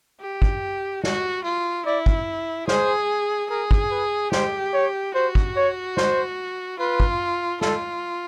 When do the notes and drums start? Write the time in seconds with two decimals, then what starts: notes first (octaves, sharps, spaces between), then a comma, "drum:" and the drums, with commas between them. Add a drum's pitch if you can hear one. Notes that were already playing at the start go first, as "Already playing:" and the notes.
0.21 G4
0.42 drum: kick
1.04 F#4, drum: snare
1.44 F4
1.86 E4 D5
2.06 drum: kick
2.68 G#4 C5, drum: snare
3.50 G#4 A#4
3.71 drum: kick
3.91 B4
4.32 G4 C5, drum: snare
4.74 C#5
5.14 F#4 C5
5.35 drum: kick
5.56 C#5
5.97 C5, drum: snare
6.79 F4 B4
7.00 drum: kick
7.61 F4 A4, drum: snare